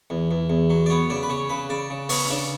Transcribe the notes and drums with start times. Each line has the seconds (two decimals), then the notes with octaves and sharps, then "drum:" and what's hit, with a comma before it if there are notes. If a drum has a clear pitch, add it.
0.10 E2
0.31 E2
0.50 E2
0.70 F#3
0.86 D5
0.90 B3 C#5
1.10 C#3 D5
1.23 B4
1.29 C#3 C#5
1.49 C#3 B4
1.69 C#3 D5
1.90 C#3
2.09 B3 C#5, drum: open hi-hat
2.25 C#4
2.30 C#3 D4